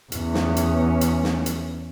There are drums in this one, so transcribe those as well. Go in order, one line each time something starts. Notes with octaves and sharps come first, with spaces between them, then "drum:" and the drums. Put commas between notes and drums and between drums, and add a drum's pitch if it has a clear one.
E2 C#4, drum: hi-hat
drum: snare
drum: hi-hat
drum: hi-hat
drum: snare
drum: hi-hat